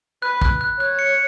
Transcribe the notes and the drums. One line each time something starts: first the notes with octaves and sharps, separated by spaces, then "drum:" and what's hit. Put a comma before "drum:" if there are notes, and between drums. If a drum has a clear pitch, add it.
B4 F#6
F#6, drum: kick
F#6
C#5 F#6
C#7